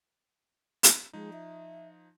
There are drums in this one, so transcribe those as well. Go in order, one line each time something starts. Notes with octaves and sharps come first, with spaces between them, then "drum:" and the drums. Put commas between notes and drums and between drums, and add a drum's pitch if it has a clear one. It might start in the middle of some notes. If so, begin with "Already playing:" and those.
drum: hi-hat
F3 G#3 D#4
E5